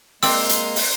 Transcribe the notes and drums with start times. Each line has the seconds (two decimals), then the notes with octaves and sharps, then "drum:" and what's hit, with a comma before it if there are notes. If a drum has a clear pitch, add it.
0.23 G#3 A#3 C4 D5 A#5 C6 E6, drum: open hi-hat
0.49 drum: hi-hat
0.76 drum: open hi-hat